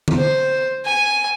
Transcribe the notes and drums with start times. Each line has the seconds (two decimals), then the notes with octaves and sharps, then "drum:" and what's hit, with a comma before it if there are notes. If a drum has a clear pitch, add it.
0.08 drum: tom D3
0.17 C5
0.85 G#5